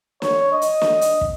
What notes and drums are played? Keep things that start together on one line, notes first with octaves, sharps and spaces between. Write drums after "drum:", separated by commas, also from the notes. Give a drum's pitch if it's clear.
C#5, drum: snare
D#5
drum: hi-hat
drum: snare
drum: hi-hat
drum: kick